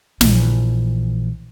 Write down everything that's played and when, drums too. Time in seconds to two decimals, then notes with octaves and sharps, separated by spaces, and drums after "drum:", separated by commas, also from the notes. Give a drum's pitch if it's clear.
0.21 A#1 E3, drum: snare